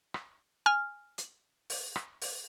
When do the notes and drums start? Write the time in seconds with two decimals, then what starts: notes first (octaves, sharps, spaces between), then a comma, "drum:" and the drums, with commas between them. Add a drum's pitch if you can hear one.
0.14 drum: rim click
0.66 G#5 F6
1.18 drum: hi-hat
1.70 drum: open hi-hat
1.96 drum: rim click
2.21 drum: open hi-hat